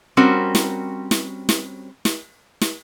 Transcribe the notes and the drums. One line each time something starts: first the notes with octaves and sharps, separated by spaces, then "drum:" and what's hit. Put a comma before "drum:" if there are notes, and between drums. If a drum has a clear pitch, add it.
G3 C4 C#4 F#4 A#4
drum: snare
drum: snare
drum: snare
drum: snare
drum: snare